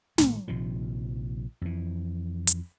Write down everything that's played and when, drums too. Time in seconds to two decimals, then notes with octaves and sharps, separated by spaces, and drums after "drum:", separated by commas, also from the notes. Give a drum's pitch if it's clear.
0.18 G#1 E2 A2 A3, drum: snare
0.48 A#1 C3 D#3 F3
1.61 F2 E3
2.47 drum: hi-hat